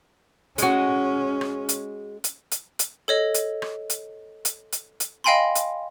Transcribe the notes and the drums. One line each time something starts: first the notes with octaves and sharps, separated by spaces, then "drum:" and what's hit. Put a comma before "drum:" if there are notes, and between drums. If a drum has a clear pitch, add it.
G#3 C#4 F#4, drum: hi-hat
drum: rim click
drum: hi-hat
drum: hi-hat
drum: hi-hat
drum: hi-hat
A4 C#5 D#5
drum: hi-hat
drum: rim click
drum: hi-hat
drum: hi-hat
drum: hi-hat
drum: hi-hat
D#5 F5 G5 G#5 B5 C6
drum: hi-hat